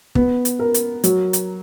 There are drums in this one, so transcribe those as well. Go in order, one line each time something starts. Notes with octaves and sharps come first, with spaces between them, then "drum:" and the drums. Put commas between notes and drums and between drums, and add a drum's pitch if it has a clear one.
B3, drum: kick
drum: hi-hat
A#4
drum: hi-hat
F#3, drum: hi-hat
drum: hi-hat